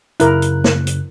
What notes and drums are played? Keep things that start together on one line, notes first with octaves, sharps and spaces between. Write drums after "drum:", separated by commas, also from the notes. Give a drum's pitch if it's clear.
F#2 C#3 E4 A#4 F#6, drum: hi-hat
drum: hi-hat
drum: snare
drum: hi-hat